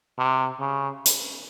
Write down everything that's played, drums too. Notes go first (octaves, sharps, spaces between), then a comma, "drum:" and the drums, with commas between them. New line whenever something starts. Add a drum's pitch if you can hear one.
C3
C#3
drum: hi-hat